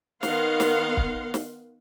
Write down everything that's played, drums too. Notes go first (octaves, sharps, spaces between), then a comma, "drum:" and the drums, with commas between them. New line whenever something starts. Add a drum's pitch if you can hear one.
D#3 B3 F5 F#5 C6, drum: snare
drum: snare
drum: kick
drum: snare